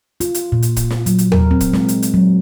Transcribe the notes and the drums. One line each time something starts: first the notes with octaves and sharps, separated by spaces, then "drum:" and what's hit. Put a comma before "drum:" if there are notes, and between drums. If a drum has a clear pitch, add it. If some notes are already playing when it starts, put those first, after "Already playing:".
F4, drum: hi-hat
drum: hi-hat
A#2
drum: hi-hat
drum: kick, hi-hat
drum: snare
F#3, drum: hi-hat
drum: hi-hat
A#4, drum: tom
C4
drum: kick, hi-hat
G#3, drum: snare
drum: hi-hat
drum: hi-hat
F#3